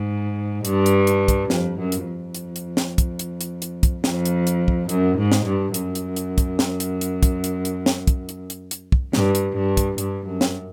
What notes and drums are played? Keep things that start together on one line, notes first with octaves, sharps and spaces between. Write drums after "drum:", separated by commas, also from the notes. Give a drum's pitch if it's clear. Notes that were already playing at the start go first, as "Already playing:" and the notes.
Already playing: G#2
G2, drum: hi-hat
drum: hi-hat
drum: hi-hat
drum: kick, hi-hat
F2, drum: snare
F#2
drum: hi-hat
F2
drum: hi-hat
drum: hi-hat
drum: snare
drum: kick, hi-hat
drum: hi-hat
drum: hi-hat
drum: hi-hat
drum: kick, hi-hat
F2, drum: snare
drum: hi-hat
drum: hi-hat
drum: kick
F#2, drum: hi-hat
G#2
drum: snare
G2
F#2, drum: hi-hat
drum: hi-hat
drum: hi-hat
drum: kick, hi-hat
drum: snare
drum: hi-hat
drum: hi-hat
drum: kick, hi-hat
drum: hi-hat
drum: hi-hat
drum: snare
drum: kick, hi-hat
drum: hi-hat
drum: hi-hat
drum: hi-hat
drum: kick
G2, drum: snare
drum: hi-hat
G2
drum: kick, hi-hat
G2, drum: hi-hat
F#2
drum: snare